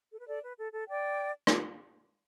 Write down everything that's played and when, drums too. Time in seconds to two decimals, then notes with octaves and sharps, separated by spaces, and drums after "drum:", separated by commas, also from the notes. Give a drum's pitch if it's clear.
0.12 A4
0.19 B4
0.28 A4 D5
0.42 B4
0.57 A4
0.73 A4
0.87 D5 G5
1.47 drum: rim click